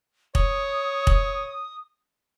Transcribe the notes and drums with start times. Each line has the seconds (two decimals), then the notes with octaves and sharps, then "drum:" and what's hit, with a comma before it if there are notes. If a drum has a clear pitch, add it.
0.35 C#5 D#6, drum: kick
1.07 drum: kick